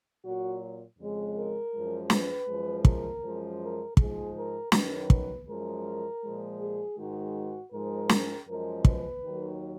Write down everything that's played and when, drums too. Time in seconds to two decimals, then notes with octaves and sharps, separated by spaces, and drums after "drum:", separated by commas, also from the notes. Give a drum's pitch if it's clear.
0.24 A#2 F#3 F#4
0.98 F2 C#3 G#3
1.35 A#4
1.73 F#2 F3 G#3
2.10 B4, drum: snare
2.48 F#2 F3 G#3
2.85 A#4, drum: kick
3.23 F#2 F3 G#3
3.61 A#4
3.97 G#2 F3 G#3 G#4, drum: kick
4.34 A#4
4.72 F#2 D#3 F#3 B4, drum: snare
5.10 drum: kick
5.47 F#2 F3 G#3 A#4
6.22 A#2 F3 G#3
6.60 G#4
6.97 G#2 D#3 G#3 F#4
7.71 G#2 F3 G#3 A#4
8.09 drum: snare
8.47 F#2 F3 G#3 A#4
8.85 B4, drum: kick
9.22 D#2 D#3 F#3